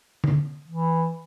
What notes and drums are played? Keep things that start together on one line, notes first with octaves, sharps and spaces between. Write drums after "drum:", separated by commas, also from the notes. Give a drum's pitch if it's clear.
drum: tom D3
E3